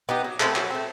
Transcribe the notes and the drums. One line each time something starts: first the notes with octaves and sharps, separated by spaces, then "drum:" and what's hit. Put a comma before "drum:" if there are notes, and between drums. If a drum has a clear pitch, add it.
B3 D#4 G4
F#3
A3 C4, drum: clap
F#3, drum: clap
A3 C4